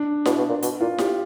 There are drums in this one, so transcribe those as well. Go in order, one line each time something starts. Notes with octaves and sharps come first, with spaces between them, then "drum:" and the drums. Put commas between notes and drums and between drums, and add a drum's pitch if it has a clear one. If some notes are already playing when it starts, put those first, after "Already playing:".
Already playing: D4
B2, drum: snare E4
B2
A#2
B2, drum: hi-hat
A#2 F4
G4, drum: snare E4